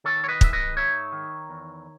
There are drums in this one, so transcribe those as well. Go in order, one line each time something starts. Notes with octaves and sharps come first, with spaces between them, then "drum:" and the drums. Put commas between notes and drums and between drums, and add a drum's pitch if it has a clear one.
D#3 A4 C#5
C#5
B4 D#5
G#2 E5, drum: kick
B4 D#5
D#4 C#5 E5
D#3
E2